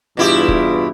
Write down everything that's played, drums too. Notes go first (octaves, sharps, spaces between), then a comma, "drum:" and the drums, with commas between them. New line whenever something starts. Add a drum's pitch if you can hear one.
E2 G2 B2 E4 F4 G4
drum: kick